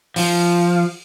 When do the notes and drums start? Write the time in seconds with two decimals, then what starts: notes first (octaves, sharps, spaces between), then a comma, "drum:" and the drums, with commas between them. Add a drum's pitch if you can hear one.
0.16 F3, drum: open hi-hat